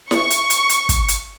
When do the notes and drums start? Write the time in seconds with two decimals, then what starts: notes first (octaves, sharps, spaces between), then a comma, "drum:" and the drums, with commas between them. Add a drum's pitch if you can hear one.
0.11 C#6, drum: snare E4
0.30 drum: hi-hat
0.50 drum: hi-hat
0.69 drum: hi-hat
0.89 drum: kick, hi-hat
1.08 drum: hi-hat